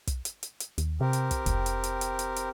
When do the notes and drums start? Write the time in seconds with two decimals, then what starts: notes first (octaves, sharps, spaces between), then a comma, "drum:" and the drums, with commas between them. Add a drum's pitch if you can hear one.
0.07 drum: kick, hi-hat
0.25 drum: hi-hat
0.43 drum: hi-hat
0.60 drum: hi-hat
0.78 D#2, drum: hi-hat
1.01 C3 C4 G4 A#4
1.13 drum: hi-hat
1.31 drum: kick, hi-hat
1.46 F1, drum: kick, hi-hat
1.66 drum: hi-hat
1.84 drum: hi-hat
2.01 drum: hi-hat
2.19 drum: hi-hat
2.36 drum: hi-hat